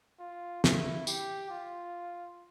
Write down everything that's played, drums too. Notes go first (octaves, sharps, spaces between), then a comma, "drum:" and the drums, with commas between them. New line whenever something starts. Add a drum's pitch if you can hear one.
F4
E4, drum: snare
G4, drum: tambourine
F4